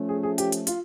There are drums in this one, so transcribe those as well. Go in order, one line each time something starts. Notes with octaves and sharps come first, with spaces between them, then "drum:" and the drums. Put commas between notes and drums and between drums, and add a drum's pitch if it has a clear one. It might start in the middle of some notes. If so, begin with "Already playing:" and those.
Already playing: F3 A3 C#4
G#4
G#4
G4, drum: hi-hat
drum: hi-hat
F4, drum: hi-hat